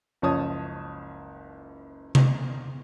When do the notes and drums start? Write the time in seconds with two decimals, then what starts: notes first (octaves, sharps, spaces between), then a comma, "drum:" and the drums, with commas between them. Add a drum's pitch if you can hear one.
0.22 F#1 C#2 F3 C#5 A5 D#6
2.15 drum: tom C3